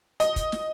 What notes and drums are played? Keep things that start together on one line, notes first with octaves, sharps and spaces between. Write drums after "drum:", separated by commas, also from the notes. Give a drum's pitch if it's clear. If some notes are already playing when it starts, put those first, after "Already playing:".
D#5, drum: hi-hat
drum: kick, hi-hat
drum: snare